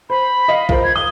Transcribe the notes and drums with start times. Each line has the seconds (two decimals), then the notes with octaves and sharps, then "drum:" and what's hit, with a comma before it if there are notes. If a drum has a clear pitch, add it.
0.10 C5 B5
0.48 D#5 F5
0.69 F4 A#4 C5, drum: kick B1
0.84 G#6
0.96 D#6 G7